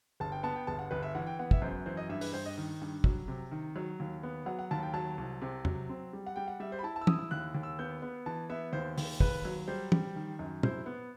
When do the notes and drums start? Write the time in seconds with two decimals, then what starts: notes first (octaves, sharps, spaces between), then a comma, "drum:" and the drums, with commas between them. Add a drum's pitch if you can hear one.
0.20 G1 A5
0.32 G5
0.43 B3 A5
0.56 G5
0.67 G1 A5
0.79 F#5
0.91 G1 B4
1.03 E5
1.15 E3 F#5
1.27 G5
1.39 B3 F#5
1.51 E5, drum: kick
1.62 F#2 C5
1.86 E3 C5
1.97 D#5
2.09 G2 E5
2.21 B4, drum: open hi-hat
2.33 G2 C5
2.46 D#5
2.57 D#3
2.81 G2
3.04 F#3, drum: kick
3.28 C3
3.51 D#3
3.76 F#3
4.00 D#2
4.23 B3
4.46 F#3 F#5
4.59 F#5
4.71 D#2 A5
4.82 G5
4.94 F#3 A5
5.18 C2
5.41 C3
5.65 F#3, drum: tom E2
5.89 C4
6.13 G3
6.26 F#5
6.36 G3 G5
6.48 F#5
6.60 G3 E5
6.72 C5
6.79 B5
6.83 E4 A5
6.96 A5
7.01 E6
7.07 E4 D#6, drum: tom E3
7.19 E6
7.31 D#2 F#6
7.55 D#2
7.63 E6
7.79 B3 G6
8.02 B3
8.26 E3 A5
8.50 B3 E5
8.73 D#2 C5
8.98 D#2, drum: open hi-hat
9.20 D#2 B4, drum: kick
9.45 F#3
9.68 G3 C5
9.92 G3, drum: tom E3
10.15 D#3
10.39 F#2
10.63 E4 C5, drum: tom
10.86 B3